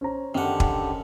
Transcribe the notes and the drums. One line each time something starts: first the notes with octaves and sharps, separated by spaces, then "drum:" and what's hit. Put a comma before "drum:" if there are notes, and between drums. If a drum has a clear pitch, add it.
C#4 C5 A#5
F#2 D3 D#3 D4 G4 F#5
drum: kick